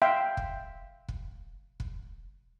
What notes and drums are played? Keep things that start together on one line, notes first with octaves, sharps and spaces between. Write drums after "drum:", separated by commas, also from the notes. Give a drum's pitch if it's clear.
E5 F5 G5 C6
drum: kick
drum: kick
drum: kick